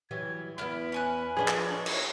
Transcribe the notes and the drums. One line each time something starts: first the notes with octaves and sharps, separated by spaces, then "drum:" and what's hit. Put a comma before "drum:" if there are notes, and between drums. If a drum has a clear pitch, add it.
E3 F#3 G3 G#6
E2 B3 E4 B5 F6
C#4 G#5 F#6
F3 D4 G#4 B4 D#5
drum: clap
D4 C#5
drum: cymbal